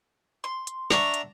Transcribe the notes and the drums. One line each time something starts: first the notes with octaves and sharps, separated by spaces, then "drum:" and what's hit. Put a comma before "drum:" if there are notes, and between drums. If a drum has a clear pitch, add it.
C6
drum: hi-hat
D4 E5 F#5 A#5 C#6, drum: snare
drum: hi-hat